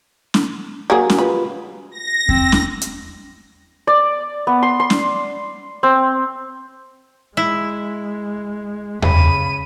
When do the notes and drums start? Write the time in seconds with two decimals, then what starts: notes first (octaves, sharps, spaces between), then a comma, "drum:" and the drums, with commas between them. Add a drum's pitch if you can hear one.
0.34 drum: snare
0.90 F#3 A#3 G#4
1.10 drum: snare
1.19 F4 G4 B4 B5
1.91 A#6
2.29 C4, drum: kick E2
2.52 drum: snare
2.81 drum: hi-hat
3.87 D5
4.47 B3
4.63 C6
4.80 C6
4.90 drum: snare
5.83 C4
7.37 G#3 E4
9.02 C#3 B5 D#7, drum: tom E2